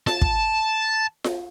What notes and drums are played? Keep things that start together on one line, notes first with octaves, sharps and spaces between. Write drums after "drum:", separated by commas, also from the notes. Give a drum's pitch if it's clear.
A5, drum: snare F4
drum: kick
drum: snare F4